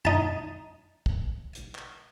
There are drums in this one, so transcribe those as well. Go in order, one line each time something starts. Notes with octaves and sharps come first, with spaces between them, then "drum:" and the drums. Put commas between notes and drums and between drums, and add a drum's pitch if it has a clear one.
D#4 A5, drum: tom
drum: kick
drum: hi-hat
drum: clap